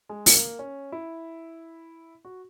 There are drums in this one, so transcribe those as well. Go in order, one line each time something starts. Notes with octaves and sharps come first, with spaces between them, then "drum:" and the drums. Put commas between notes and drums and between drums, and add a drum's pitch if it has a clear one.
G#3
A#3, drum: open hi-hat
C#4
E4
F#4